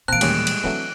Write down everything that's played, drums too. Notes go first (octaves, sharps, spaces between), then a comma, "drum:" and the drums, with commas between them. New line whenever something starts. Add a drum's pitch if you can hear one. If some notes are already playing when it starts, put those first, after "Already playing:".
A#2 E3 C4 F5 A5 A#5 F#6 D7
D#2 A2 G3 G#3 C#4 G4, drum: cymbal
drum: cymbal
E3 F#3 A3 C4 D4